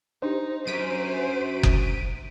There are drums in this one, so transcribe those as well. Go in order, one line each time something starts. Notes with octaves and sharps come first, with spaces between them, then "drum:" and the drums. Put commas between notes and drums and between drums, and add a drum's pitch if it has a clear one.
D4 D#4 G4 C5
F#2 C5 B6 D7 D#7
drum: kick F#1